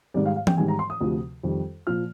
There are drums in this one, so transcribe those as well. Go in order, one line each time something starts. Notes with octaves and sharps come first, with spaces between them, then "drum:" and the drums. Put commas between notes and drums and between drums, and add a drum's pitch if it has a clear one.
G#2 D#3 G3 D5
F5
F5
G5, drum: tom E3
G#2 D#3 G3 G#5
A#5
C6
D#6
D2 C3 F3
F2 D#3 G3
A#2 F3 F6